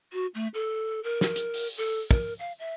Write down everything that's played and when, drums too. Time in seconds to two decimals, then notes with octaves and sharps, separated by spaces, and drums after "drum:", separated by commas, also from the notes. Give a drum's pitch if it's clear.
0.13 F#4
0.34 A3
0.54 A4
1.04 A#4
1.21 drum: snare
1.36 drum: hi-hat
1.54 drum: open hi-hat
1.77 A4
2.11 A#4, drum: kick
2.39 F5
2.59 E5